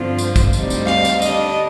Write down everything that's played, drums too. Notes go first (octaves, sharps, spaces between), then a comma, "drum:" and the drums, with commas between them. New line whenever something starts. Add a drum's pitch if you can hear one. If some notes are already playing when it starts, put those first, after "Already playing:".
Already playing: G2 D3 F3 C4 F4
drum: tambourine
drum: kick, tambourine
D2 D3 G3 C4 D#4, drum: tambourine
drum: tambourine
F5, drum: rim click
drum: tambourine
D3 G3 D4 D#5, drum: tambourine